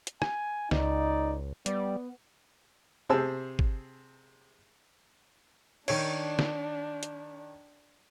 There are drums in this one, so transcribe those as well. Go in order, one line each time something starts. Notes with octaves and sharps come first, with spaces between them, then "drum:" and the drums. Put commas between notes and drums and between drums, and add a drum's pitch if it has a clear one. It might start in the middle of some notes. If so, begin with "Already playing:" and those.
drum: hi-hat
G#5, drum: rim click
C#2 D#4 D5, drum: snare
G3 B3 D5, drum: hi-hat
C3 G#4 C5 A5 E6
drum: kick
D#3 D4 C#5, drum: cymbal
drum: snare
drum: hi-hat